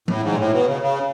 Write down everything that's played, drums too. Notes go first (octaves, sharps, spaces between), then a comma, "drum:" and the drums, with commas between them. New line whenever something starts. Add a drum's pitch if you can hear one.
A2, drum: tom E3
G#2
A#2
A2
B2
C#3
C#3